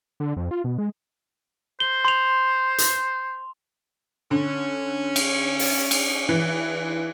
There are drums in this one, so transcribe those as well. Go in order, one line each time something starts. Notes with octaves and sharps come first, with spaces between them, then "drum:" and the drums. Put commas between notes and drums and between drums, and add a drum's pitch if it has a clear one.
D3
F2
F4
B2
G#3
C5 G7
C6 F7
drum: hi-hat
D3 C#4
drum: cymbal
drum: open hi-hat
drum: cymbal
E3